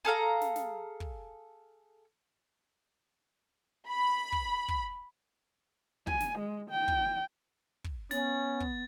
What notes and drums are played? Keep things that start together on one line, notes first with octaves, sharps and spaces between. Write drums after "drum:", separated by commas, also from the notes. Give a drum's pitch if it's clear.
G#4 A4 F5 A#5
drum: snare
drum: snare
drum: kick
B5
drum: kick
drum: kick
G#5, drum: kick
drum: snare
G#3
G5
drum: kick
drum: kick
B3 C#4 A6, drum: snare
drum: kick